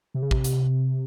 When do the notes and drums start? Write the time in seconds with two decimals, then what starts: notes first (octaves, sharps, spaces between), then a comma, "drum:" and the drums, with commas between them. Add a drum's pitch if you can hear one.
0.14 C3
0.23 C#3
0.31 C3, drum: kick A1
0.44 drum: hi-hat